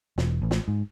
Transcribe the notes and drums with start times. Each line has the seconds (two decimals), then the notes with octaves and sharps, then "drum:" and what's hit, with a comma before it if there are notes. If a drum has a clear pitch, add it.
0.18 E1, drum: snare
0.42 A1
0.51 drum: snare
0.68 G#2